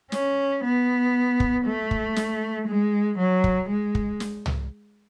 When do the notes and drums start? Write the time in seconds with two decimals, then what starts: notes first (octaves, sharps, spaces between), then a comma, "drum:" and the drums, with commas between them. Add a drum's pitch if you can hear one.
0.12 C#4, drum: snare
0.64 B3
1.40 drum: kick
1.66 A3
1.91 drum: kick
2.16 drum: snare
2.67 G#3
3.19 F#3
3.44 drum: kick
3.69 G#3
3.95 drum: kick
4.20 drum: snare
4.46 drum: tom